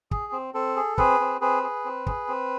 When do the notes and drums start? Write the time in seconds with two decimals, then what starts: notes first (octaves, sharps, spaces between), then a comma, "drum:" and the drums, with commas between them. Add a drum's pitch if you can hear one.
0.11 G#4, drum: kick
0.32 C4
0.54 C4 A4
0.76 G#4
0.98 C4 G#4 B4, drum: kick
1.20 C4
1.41 C4 G#4 B4
1.63 G#4
1.85 C4
2.06 G#4, drum: kick
2.28 C4